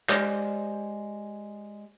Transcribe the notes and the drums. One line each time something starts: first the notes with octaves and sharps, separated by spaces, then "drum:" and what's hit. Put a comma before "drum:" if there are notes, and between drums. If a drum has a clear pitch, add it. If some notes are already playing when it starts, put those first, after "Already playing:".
G#3 G4 C5 D5, drum: clap